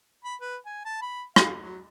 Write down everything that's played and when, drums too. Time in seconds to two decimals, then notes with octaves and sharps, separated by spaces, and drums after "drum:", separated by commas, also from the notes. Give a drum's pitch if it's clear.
0.25 B5
0.41 B4
0.66 G#5
0.85 A5
1.02 B5
1.36 F5, drum: rim click
1.59 F#3